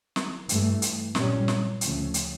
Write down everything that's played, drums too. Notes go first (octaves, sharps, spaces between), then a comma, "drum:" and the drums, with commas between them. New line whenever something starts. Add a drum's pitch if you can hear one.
drum: snare
G2 E3 A3, drum: hi-hat
drum: hi-hat
A#2 G3 C#4, drum: snare
drum: snare
D2 C#3 F3 A3 C#4, drum: hi-hat
drum: hi-hat